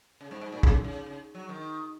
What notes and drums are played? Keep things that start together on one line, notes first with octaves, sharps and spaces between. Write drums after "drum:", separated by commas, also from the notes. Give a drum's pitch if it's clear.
C#3
G#2
G#2
A#2
C#3, drum: kick
C#3
C#3
F#3
D#3